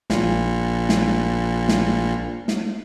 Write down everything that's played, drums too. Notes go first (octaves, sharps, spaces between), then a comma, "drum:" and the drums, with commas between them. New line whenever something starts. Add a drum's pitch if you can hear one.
A#1 A#2, drum: snare
drum: snare
drum: snare
drum: snare